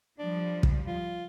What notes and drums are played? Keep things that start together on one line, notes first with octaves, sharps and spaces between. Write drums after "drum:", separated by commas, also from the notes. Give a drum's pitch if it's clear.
F3 G3 D4
drum: kick
F4